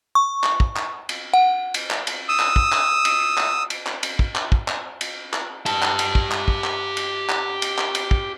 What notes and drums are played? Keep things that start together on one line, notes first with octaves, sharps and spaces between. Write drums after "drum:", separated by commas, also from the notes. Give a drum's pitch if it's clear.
C#6
drum: clap
drum: kick
drum: clap
drum: cymbal
F#5
drum: cymbal
drum: clap
drum: cymbal
D#6 E6
drum: clap
drum: kick
drum: clap
drum: cymbal
drum: clap
drum: cymbal
drum: clap
drum: cymbal
drum: kick
drum: clap
drum: kick
drum: clap
drum: cymbal
drum: clap
G4 A5, drum: cymbal
drum: clap
drum: cymbal
drum: kick
drum: clap
drum: kick
drum: clap
drum: cymbal
drum: clap
drum: cymbal
drum: clap
drum: cymbal
drum: kick